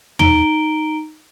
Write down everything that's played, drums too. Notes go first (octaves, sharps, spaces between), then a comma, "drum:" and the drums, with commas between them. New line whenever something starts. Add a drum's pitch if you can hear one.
D#4 A#5 D7 G7, drum: tom